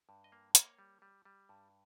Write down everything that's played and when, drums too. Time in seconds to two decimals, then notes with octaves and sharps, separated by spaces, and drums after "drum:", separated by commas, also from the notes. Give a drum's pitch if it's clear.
0.09 G2
0.24 D#5
0.32 A#3
0.55 A#3 C#5, drum: hi-hat
0.79 G3
1.02 G3
1.25 G3
1.49 G2